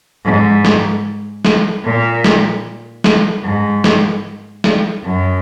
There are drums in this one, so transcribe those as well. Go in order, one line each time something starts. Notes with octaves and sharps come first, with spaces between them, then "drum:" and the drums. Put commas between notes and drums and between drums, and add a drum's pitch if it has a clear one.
G#2
drum: snare
drum: snare
A#2
drum: snare
drum: snare
G#2
drum: snare
drum: snare
F#2